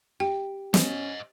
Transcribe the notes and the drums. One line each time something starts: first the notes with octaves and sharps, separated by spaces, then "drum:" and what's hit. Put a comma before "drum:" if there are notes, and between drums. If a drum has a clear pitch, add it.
G4 G5
C#4 C5 D#5, drum: snare